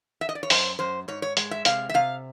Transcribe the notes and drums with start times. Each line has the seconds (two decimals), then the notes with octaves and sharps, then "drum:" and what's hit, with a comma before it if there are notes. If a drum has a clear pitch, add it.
0.21 E5
0.29 D#5
0.35 D5
0.43 C#5
0.50 F#2 C5, drum: open hi-hat
0.79 F#2 C5
1.08 G#2 C#5
1.22 C#5
1.37 G#3, drum: hi-hat
1.51 E5
1.65 C3 F5, drum: hi-hat
1.89 E5
1.94 C3 F5